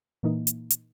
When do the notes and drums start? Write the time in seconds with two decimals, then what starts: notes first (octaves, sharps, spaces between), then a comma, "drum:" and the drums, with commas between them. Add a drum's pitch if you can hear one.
0.23 A#2 E3 A#3 D#4
0.47 drum: hi-hat
0.70 drum: hi-hat